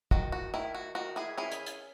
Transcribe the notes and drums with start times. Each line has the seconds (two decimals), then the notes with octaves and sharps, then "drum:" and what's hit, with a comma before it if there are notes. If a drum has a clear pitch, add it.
0.11 D#3 F#4, drum: kick
0.32 F#4
0.54 D#3 E4
0.75 F#4
0.95 D#3 F#4
1.16 E4 G#4
1.37 C#4 E4 G#4
1.52 drum: hi-hat
1.66 drum: hi-hat